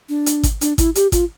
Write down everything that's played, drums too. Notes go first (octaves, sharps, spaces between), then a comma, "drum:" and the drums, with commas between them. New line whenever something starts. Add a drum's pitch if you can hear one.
D4
drum: hi-hat
drum: kick G#1, hi-hat
D4, drum: hi-hat
E4, drum: kick G#1, hi-hat
G4, drum: hi-hat
F4, drum: kick G#1, hi-hat